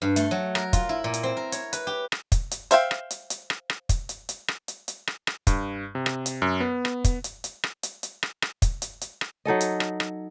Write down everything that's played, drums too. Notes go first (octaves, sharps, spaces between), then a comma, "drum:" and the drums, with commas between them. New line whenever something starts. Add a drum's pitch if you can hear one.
G2
A3, drum: hi-hat
F#3
A#4, drum: rim click
F4, drum: kick, hi-hat
E4
A#2
drum: hi-hat
C4
A#4
C#5, drum: hi-hat
B4, drum: hi-hat
G4
drum: rim click
drum: kick, hi-hat
drum: hi-hat
C5 E5 F5 G5, drum: hi-hat
drum: rim click
drum: hi-hat
drum: hi-hat
drum: rim click
drum: rim click
drum: kick, hi-hat
drum: hi-hat
drum: hi-hat
drum: rim click
drum: hi-hat
drum: hi-hat
drum: rim click
drum: rim click
G2, drum: kick, hi-hat
C3
drum: rim click
drum: hi-hat
F#2
B3
drum: rim click
drum: kick, hi-hat
drum: hi-hat
drum: hi-hat
drum: rim click
drum: hi-hat
drum: hi-hat
drum: rim click
drum: rim click
drum: kick, hi-hat
drum: hi-hat
drum: hi-hat
drum: rim click
F#3 D#4 A4 D#5
drum: hi-hat
drum: rim click
drum: rim click